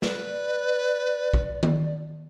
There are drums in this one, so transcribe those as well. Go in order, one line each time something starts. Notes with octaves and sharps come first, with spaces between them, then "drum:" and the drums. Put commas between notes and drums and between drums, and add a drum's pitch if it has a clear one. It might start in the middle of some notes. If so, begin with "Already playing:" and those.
B4 D5, drum: snare
drum: kick
drum: tom D#3